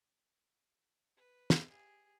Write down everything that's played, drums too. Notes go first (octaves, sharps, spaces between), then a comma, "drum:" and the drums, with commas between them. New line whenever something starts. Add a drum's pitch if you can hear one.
B4
drum: snare
G4 G#4